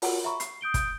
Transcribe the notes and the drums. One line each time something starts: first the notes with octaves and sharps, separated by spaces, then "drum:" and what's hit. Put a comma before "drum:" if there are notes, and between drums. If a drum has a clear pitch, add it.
F4 F#4 A#4 C#5 F#5, drum: open hi-hat
E5 A#5 B5 C#6
C7, drum: hi-hat
D#6 G6 D7 G7
drum: kick, hi-hat